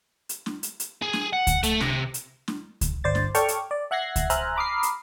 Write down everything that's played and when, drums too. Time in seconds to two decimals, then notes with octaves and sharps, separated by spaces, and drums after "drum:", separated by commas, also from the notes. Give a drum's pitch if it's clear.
0.29 drum: hi-hat
0.46 drum: snare
0.63 drum: hi-hat
0.80 drum: hi-hat
1.02 G#4
1.13 drum: snare
1.33 F#5
1.47 drum: kick C#2, hi-hat
1.63 A3, drum: hi-hat
1.80 C3, drum: snare
2.14 drum: hi-hat
2.48 drum: snare
2.81 drum: kick C#2, hi-hat
3.04 G1 C5 D5 A6
3.15 drum: snare
3.35 A4 C#5 D5 G5 C#6 F6, drum: hi-hat
3.48 drum: hi-hat
3.71 D5
3.91 E5 F#5 F#6 G#6 A#6 C7
4.16 drum: kick C#2, hi-hat
4.30 C5 E5 G#5 A#5 F6 F#6, drum: hi-hat
4.56 A#5 B5 D6 D#6 F6 C7
4.83 drum: hi-hat